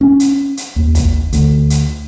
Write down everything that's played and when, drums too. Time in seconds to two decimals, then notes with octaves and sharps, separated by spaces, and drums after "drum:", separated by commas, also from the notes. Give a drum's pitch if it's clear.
0.01 C#4
0.20 drum: hi-hat
0.57 drum: hi-hat
0.76 D#2
0.95 drum: kick, hi-hat
1.33 D2, drum: hi-hat
1.70 drum: hi-hat